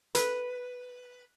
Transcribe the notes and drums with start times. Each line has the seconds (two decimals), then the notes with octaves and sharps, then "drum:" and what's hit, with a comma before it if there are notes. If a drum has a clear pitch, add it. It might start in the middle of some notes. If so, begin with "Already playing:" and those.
0.15 B4, drum: hi-hat